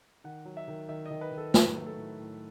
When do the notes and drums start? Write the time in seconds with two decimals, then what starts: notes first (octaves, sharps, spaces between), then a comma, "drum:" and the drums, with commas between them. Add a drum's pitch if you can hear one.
0.24 D#3 F#5
0.45 F#3
0.57 E5
0.68 D#3
0.88 D#3 E5
1.06 D#3 D#5
1.21 B4
1.32 D#3
1.37 A4
1.54 F#3 B4, drum: snare
1.75 A3
1.86 A4
1.97 A2
2.19 A2